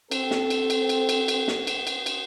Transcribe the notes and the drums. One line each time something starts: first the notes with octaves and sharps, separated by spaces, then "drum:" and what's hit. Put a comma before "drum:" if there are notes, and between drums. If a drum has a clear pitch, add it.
C4 A4, drum: cymbal
drum: snare
drum: cymbal
drum: cymbal
drum: cymbal
drum: cymbal
drum: cymbal
drum: snare
drum: cymbal
drum: cymbal
drum: cymbal